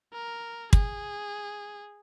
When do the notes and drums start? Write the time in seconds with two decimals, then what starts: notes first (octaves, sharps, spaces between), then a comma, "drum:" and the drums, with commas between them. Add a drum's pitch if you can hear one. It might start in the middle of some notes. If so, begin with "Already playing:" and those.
0.13 A#4
0.73 G#4, drum: kick